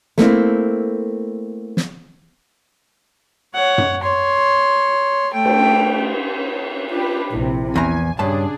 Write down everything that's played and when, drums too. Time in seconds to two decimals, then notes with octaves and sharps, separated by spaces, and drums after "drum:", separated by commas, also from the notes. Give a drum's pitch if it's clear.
0.18 A3 A#3 C4 E4, drum: snare
1.77 drum: snare
3.54 C#5 F#5
3.78 drum: tom F#2
4.01 C#5 C6
5.33 A3 G5
5.45 drum: cymbal
6.90 D4 F4 G4 B4
7.32 A#1 C3 E4
7.76 E2 G#5 A#5
8.19 G2 C#3 D4 G#4 C#5 A5